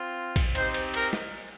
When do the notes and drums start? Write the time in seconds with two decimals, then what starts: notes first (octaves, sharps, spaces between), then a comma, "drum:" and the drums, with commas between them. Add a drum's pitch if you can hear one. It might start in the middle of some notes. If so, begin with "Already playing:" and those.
Already playing: C4 F4
0.36 drum: kick, cymbal
0.55 C4 D#4 G4 C5, drum: cymbal
0.74 drum: cymbal
0.94 A#4, drum: cymbal
1.13 drum: snare